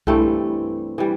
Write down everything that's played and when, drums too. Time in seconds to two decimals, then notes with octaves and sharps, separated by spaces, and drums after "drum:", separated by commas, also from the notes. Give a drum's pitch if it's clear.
0.07 G2 E3 G3 A3 C4, drum: kick C2
0.98 E3 G3